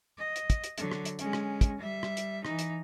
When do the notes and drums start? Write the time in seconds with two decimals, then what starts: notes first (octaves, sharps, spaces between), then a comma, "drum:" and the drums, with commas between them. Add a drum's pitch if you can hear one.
0.18 D#5
0.36 drum: hi-hat
0.50 drum: kick, hi-hat
0.64 drum: hi-hat
0.78 D3 F#3, drum: hi-hat
0.92 drum: rim click
1.05 drum: hi-hat
1.19 G#3 C#4, drum: hi-hat
1.33 drum: rim click
1.61 drum: kick, hi-hat
1.79 G3 E5
2.03 drum: rim click
2.17 drum: hi-hat
2.45 E3 D#4, drum: rim click
2.59 drum: hi-hat